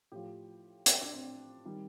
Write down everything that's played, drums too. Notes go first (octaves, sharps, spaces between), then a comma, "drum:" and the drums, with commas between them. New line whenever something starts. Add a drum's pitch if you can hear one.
A2 F3 G4
drum: hi-hat
D4
C4
D#3 G3